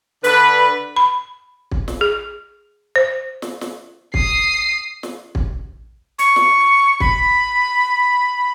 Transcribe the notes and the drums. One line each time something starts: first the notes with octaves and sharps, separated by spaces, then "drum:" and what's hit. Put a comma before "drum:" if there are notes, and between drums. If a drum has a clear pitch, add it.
D3 B4, drum: hi-hat
B5
drum: kick
drum: snare
G#4
C5
drum: snare
drum: snare
D#6 C7, drum: kick
drum: snare
drum: kick
C#6, drum: hi-hat
drum: snare
B5, drum: kick